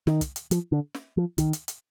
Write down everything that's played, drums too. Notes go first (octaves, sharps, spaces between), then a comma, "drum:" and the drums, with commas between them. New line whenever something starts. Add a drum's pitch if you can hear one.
D#3, drum: snare
drum: kick, hi-hat
drum: hi-hat
F3, drum: hi-hat
D3
drum: snare
F3
D#3, drum: kick, hi-hat
drum: hi-hat
drum: hi-hat